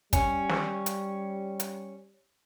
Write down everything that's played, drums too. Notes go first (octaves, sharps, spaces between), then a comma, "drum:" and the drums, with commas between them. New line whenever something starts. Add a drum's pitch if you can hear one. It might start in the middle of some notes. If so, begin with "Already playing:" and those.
G3 C#4, drum: kick, hi-hat
drum: snare
drum: hi-hat
drum: hi-hat